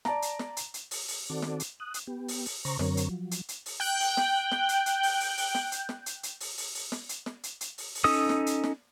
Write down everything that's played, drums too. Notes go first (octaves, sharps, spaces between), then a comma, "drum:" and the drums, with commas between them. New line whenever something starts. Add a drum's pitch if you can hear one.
D5 A5 A#5, drum: snare
drum: hi-hat
drum: snare
drum: hi-hat
drum: hi-hat
drum: open hi-hat
drum: open hi-hat
D#3 C4 F#4 A4 D5
drum: snare
drum: hi-hat
D#6 F#6
drum: hi-hat
B3 G4
drum: open hi-hat
drum: open hi-hat
C#3 C5 A#5 C#6, drum: open hi-hat
F#2 D3 F#3 C4 A#4 C#5, drum: snare
drum: hi-hat
F3 F#3
drum: hi-hat
drum: hi-hat
drum: open hi-hat
G5 F#6 G6
drum: open hi-hat
drum: snare
drum: snare
drum: hi-hat
drum: hi-hat
drum: open hi-hat
drum: open hi-hat
drum: open hi-hat
drum: snare
drum: hi-hat
drum: snare
drum: hi-hat
drum: hi-hat
drum: open hi-hat
drum: open hi-hat
drum: open hi-hat
drum: snare
drum: hi-hat
drum: snare
drum: hi-hat
drum: hi-hat
drum: open hi-hat
drum: open hi-hat
C#4 D#4 A4 D#6
drum: snare
drum: hi-hat
drum: snare